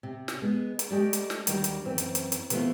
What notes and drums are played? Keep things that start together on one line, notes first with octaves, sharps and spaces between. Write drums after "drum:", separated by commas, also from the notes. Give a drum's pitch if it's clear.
C3
drum: snare
G#3 B3
drum: hi-hat
G#3 A3 G4 A4 D5
drum: hi-hat
drum: snare
D#2 D#3 G3 D4 F#4 A#5, drum: hi-hat
drum: hi-hat
F#2 E3 C4
drum: hi-hat
drum: hi-hat
drum: hi-hat
C3 E3 F3 A3 B3 F4, drum: hi-hat